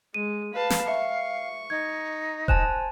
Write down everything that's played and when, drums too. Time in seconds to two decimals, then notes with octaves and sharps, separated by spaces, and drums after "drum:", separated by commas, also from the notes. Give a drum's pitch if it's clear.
0.14 G#3 D#7
0.54 B4 F5 A5
0.70 drum: snare
0.88 E5 C#6
1.70 D#4 G#6
2.48 C5 G#5 A5 F#6 E7, drum: kick D#1